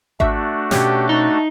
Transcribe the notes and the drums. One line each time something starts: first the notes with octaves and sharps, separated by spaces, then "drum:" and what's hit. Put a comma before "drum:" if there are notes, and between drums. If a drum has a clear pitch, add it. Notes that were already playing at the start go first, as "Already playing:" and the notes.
A3 D4 F#4 E5, drum: kick G#1
B2 C#4 G4, drum: snare
D#4 A5